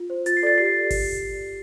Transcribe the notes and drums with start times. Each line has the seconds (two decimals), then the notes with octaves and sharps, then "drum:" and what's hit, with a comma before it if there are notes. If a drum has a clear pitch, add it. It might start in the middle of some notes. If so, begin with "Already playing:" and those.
Already playing: F4
0.10 C5
0.26 F4 A6, drum: hi-hat
0.37 C7
0.43 A4 D5 A6
0.58 G4 C7
0.66 A6
0.90 drum: kick G1, open hi-hat